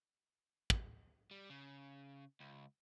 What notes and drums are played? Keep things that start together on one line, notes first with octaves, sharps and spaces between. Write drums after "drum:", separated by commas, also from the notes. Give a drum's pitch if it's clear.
drum: kick
G3
C#3
C#2